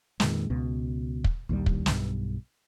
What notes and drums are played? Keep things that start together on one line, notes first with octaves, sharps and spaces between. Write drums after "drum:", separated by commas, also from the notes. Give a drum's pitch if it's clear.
F2 A#2 D#3 G#3, drum: snare
C#2 B2
drum: kick
A#1 D#2 D#3 G3
drum: kick
B1 G2, drum: snare